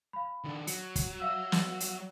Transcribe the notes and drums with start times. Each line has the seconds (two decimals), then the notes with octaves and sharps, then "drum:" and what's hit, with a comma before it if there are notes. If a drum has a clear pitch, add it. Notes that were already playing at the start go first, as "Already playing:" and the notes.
0.13 F5 B5
0.44 D#3 D4
0.67 F#3 C#7, drum: hi-hat
0.96 drum: kick, hi-hat
1.20 E5 F5 E6
1.52 drum: snare
1.80 drum: hi-hat